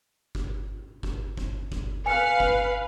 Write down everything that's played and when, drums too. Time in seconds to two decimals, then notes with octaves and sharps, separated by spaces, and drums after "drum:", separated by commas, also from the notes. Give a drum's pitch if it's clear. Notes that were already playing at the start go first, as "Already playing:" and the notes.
0.35 drum: kick G1
1.03 drum: kick G1
1.37 drum: kick G1
1.72 drum: kick G1
2.06 B4 F5 G#5 C#7
2.40 drum: kick G1